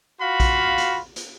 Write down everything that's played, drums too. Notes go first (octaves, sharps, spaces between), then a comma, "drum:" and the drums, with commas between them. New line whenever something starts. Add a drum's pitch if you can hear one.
F4 F#4 F5 B5
drum: kick A#1, hi-hat
drum: hi-hat
drum: hi-hat